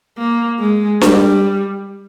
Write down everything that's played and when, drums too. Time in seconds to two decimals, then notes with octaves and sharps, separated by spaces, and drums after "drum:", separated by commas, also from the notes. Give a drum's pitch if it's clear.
0.18 A#3
0.60 G#3
1.01 G3, drum: snare D4